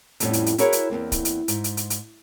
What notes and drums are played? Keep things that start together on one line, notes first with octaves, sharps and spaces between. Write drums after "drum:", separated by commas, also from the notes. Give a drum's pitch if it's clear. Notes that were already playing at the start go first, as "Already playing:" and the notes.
F2 A2 G3 G#3 B3 C#4, drum: hi-hat
drum: hi-hat
drum: hi-hat
E4 F#4 G#4 A#4 B4 C#5, drum: hi-hat
drum: hi-hat
E2 G2 A#3 C4
drum: kick, hi-hat
drum: hi-hat
G#2, drum: hi-hat
drum: hi-hat
drum: hi-hat
drum: hi-hat